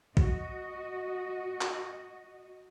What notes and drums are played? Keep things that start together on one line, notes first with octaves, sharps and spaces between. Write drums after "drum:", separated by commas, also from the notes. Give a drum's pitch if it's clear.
F#4 D#5, drum: kick A#1
drum: clap